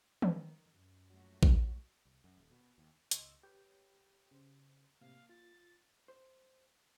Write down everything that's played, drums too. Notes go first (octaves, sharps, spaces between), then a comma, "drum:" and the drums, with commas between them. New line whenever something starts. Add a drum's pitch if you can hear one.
D#3, drum: tom D#3
F#2
A#1 F#3 A3 F#4
drum: kick A#1
C2
F#2
D#1
B2
D#2
C#2 D#5 C6 C#6 E6, drum: hi-hat
G4 B4 C#5 G5
C#3 C5
A2 C3 A#3 F5 F6
F4 A6
C5